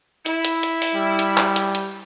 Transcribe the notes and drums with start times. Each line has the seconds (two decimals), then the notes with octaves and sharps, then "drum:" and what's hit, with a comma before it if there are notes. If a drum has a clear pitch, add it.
0.26 E4, drum: hi-hat
0.45 drum: hi-hat
0.63 drum: hi-hat
0.82 drum: open hi-hat
0.95 G3
1.19 drum: hi-hat
1.38 drum: clap
1.56 drum: hi-hat
1.75 drum: hi-hat